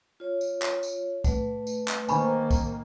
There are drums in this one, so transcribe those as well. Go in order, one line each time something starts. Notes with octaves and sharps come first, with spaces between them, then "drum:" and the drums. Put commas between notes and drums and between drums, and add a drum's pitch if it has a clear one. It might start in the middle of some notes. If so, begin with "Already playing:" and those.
F4 C#5
drum: tambourine
drum: clap
drum: tambourine
A3 B4 F#5, drum: kick, tambourine
drum: tambourine
drum: clap
D#3 A#3 C5 G#5 B5 C#6, drum: tambourine
drum: kick, tambourine